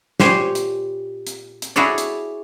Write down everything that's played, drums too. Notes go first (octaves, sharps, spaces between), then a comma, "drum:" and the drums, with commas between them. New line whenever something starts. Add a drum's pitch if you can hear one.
A#2 G4 C5 C#5 G#5, drum: snare
drum: hi-hat
drum: hi-hat
drum: hi-hat
E4 F#4 G#4 A4 C#5 D5
drum: hi-hat